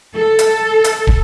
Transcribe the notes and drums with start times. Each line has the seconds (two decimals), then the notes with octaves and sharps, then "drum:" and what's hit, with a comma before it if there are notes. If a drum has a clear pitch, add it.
0.16 A4
0.39 drum: hi-hat
0.84 drum: hi-hat
1.07 drum: kick